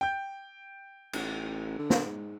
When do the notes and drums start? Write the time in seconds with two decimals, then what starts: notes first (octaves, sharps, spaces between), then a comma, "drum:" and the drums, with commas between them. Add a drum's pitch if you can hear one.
0.01 G5 G6
1.13 A1, drum: cymbal
1.79 D3
1.90 drum: snare
2.06 G#2